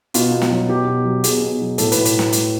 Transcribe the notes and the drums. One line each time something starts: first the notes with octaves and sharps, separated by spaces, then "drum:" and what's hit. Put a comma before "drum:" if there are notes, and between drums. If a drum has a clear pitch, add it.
B2 F4, drum: hi-hat
B2
drum: snare
F#3
B2 G4
B2
F#3
B2 G#4, drum: hi-hat
B2
F#3
A2 A4, drum: hi-hat
B4, drum: hi-hat
A2
drum: hi-hat
drum: snare
drum: hi-hat